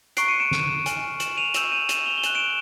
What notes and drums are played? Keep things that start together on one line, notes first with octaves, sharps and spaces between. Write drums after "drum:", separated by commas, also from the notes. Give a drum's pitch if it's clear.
A#5 C#6 F#6 C7 D7, drum: hi-hat
C#7 D#7
D7 E7
drum: snare
G#5 C#6 F6, drum: hi-hat
E7 F#7, drum: hi-hat
D#7 F7
C#6 E6 G6 E7 F#7, drum: hi-hat
D#7 F7
E7 F#7, drum: hi-hat
F7 G7
G7
G#5 C#6 F#6 E7 F#7, drum: hi-hat
D7 E7